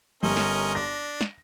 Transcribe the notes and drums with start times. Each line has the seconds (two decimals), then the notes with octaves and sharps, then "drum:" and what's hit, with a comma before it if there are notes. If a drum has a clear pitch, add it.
0.23 G1 C#4 A#4 D#5
0.37 drum: snare
0.75 D4 A#6
1.21 drum: snare